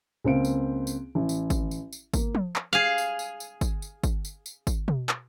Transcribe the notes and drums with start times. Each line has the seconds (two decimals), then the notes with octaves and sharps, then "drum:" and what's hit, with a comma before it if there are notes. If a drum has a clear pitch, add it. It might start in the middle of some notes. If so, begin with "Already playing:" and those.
0.24 C#2 A#3 C4 F5 D7
0.45 drum: tambourine
0.87 drum: tambourine
1.15 A1
1.29 drum: tambourine
1.50 drum: kick, tambourine
1.71 drum: tambourine
1.92 drum: tambourine
2.14 A#3, drum: kick, tambourine
2.35 drum: tom F3
2.56 drum: clap
2.73 G#4 F5
2.98 drum: tambourine
3.19 drum: tambourine
3.40 drum: tambourine
3.61 drum: kick, tambourine
3.82 drum: tambourine
4.04 drum: kick, tambourine
4.25 drum: tambourine
4.46 drum: tambourine
4.67 drum: kick, tambourine
4.88 drum: tom B2
5.09 drum: clap